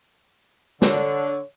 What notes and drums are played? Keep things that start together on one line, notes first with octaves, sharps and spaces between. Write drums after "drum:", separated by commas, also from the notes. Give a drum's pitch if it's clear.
D3 C#5, drum: snare